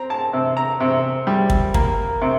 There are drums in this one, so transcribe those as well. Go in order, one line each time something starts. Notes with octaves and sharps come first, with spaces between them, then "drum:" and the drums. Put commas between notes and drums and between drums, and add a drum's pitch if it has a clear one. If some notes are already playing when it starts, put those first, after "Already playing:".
Already playing: C4 A#5
A5
C3
A#5
C3
G3
drum: kick
A#3, drum: kick
C3